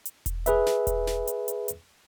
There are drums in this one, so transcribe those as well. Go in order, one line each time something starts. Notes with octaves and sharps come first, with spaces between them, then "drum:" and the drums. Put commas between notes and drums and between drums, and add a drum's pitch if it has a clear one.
drum: hi-hat
drum: kick E1, hi-hat
G#4 B4 E5, drum: hi-hat
drum: snare
drum: kick E1, hi-hat
drum: snare
drum: hi-hat
drum: hi-hat
drum: hi-hat